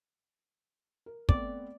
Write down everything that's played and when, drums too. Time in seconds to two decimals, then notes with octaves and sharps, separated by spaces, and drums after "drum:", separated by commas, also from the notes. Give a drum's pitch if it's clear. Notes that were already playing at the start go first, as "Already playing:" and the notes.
1.06 A#4
1.29 A3 B3 C4 D5, drum: kick